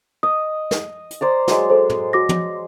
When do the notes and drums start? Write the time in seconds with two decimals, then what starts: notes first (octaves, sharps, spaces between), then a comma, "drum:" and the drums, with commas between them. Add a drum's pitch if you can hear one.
0.23 D#5 D#6
0.71 drum: snare
1.10 drum: hi-hat
1.21 C5 D5 A#5
1.48 F#3 G#3, drum: snare
1.70 A4 C5
1.90 drum: tom
2.13 F#4 D6 A#6
2.29 drum: tom